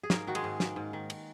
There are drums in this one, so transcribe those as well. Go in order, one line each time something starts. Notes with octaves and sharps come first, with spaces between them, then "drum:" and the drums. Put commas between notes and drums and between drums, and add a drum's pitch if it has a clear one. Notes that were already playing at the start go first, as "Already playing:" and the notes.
G#4
G#2 A#3 A#4, drum: snare
D#3 F#4
G#3 G#4, drum: cymbal
G#2
A#3, drum: snare
G#2
D#3
drum: cymbal